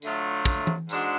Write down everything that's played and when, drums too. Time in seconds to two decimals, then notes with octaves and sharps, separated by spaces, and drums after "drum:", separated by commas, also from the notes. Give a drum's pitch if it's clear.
0.02 D3 F#3 A3 F4, drum: tambourine
0.45 drum: kick, tambourine
0.67 drum: tom E3
0.89 G#2 G#3 D4 F#4, drum: tambourine